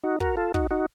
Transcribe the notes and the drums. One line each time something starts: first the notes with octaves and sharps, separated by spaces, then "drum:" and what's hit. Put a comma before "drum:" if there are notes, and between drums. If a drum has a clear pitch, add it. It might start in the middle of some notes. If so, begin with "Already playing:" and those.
D#4 F#4
F#4 A#4, drum: kick
F4 A4
D#4 F#4, drum: kick
D#4 F#4